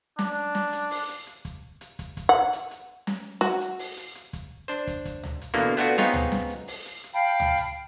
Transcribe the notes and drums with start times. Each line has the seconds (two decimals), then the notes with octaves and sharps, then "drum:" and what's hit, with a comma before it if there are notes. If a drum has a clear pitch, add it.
0.19 D4, drum: snare
0.55 drum: snare
0.73 drum: hi-hat
0.91 drum: open hi-hat
1.09 drum: hi-hat
1.27 drum: hi-hat
1.45 drum: kick, hi-hat
1.81 drum: hi-hat
1.99 drum: kick, hi-hat
2.17 drum: kick, hi-hat
2.29 F#5
2.53 drum: hi-hat
2.71 drum: hi-hat
3.07 drum: snare
3.41 F#4, drum: snare
3.61 drum: hi-hat
3.79 drum: open hi-hat
3.97 drum: hi-hat
4.15 drum: hi-hat
4.33 drum: kick, hi-hat
4.68 D4 C5, drum: hi-hat
4.87 drum: kick, hi-hat
5.05 drum: kick, hi-hat
5.23 drum: tom C#2
5.41 drum: hi-hat
5.54 B2 D3 E3 A#3
5.77 A3 B3 D4 F4 F#4, drum: hi-hat
5.98 B3 C4 D#4 F4 G#4 C#5, drum: snare
6.14 drum: tom C#2
6.32 drum: snare
6.50 drum: hi-hat
6.68 drum: open hi-hat
6.86 drum: hi-hat
7.04 drum: hi-hat
7.14 F5 G5 A5 B5
7.40 drum: tom C#2
7.58 drum: hi-hat